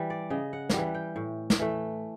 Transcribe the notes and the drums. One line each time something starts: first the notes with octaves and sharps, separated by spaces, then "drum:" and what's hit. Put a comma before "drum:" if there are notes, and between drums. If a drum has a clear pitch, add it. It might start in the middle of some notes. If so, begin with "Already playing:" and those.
Already playing: E3 G3
D5
C#3 D#5
F#5
G3 F5 F#5, drum: snare
E3
G5
A2
drum: snare
E3 A3